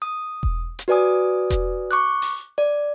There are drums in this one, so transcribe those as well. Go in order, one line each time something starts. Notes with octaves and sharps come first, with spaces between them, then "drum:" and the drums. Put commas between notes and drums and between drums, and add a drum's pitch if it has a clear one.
D#6
drum: kick E1
drum: hi-hat
F#4 B4 D5 G#5 D#6
drum: kick E1, hi-hat
C#6 D6 F#6
drum: open hi-hat
D5